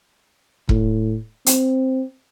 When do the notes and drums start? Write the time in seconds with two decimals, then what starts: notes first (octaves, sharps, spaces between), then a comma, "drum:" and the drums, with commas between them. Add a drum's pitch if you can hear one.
0.69 A2, drum: kick E1
1.46 C4, drum: hi-hat